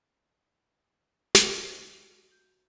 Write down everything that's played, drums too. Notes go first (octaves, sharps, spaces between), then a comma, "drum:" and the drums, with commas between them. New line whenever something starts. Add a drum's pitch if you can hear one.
drum: snare
C5
F#4
G6